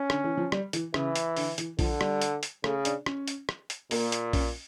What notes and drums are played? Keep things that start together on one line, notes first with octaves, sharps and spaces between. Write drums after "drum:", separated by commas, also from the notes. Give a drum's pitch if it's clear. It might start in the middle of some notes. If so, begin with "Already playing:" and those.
Already playing: C#4
D3, drum: rim click
E3
F3
G3, drum: rim click
E3, drum: hi-hat
C#3 E3, drum: rim click
drum: hi-hat
D3, drum: open hi-hat
E3, drum: hi-hat
D3 F3, drum: kick A#1, open hi-hat
G3, drum: rim click
drum: hi-hat
drum: hi-hat
C#3 A3, drum: rim click
D4, drum: hi-hat
C#4, drum: rim click
drum: hi-hat
drum: rim click
drum: hi-hat
A#2 A#3, drum: open hi-hat
drum: hi-hat
C#4, drum: kick A#1, open hi-hat